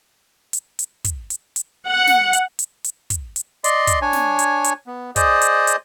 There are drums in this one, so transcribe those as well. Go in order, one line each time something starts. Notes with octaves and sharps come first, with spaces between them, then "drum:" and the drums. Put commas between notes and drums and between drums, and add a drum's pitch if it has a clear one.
drum: hi-hat
drum: hi-hat
drum: kick, hi-hat
drum: hi-hat
drum: hi-hat
F#5
drum: snare
drum: hi-hat
drum: hi-hat
drum: hi-hat
drum: kick, hi-hat
drum: hi-hat
D5 D#5 C6, drum: hi-hat
drum: kick, hi-hat
D4 C#5 G#5
drum: snare
drum: hi-hat
drum: hi-hat
B3
G#4 C5 D5 D#5 D#6, drum: kick, hi-hat
drum: hi-hat
drum: hi-hat